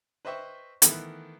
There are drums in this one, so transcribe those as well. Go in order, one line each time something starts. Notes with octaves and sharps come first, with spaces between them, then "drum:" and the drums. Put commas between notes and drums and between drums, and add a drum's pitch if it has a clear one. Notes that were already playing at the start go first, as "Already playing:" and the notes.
B4 C5 D#5 E5 G5 C#6
D#3 E3 A3 B3, drum: hi-hat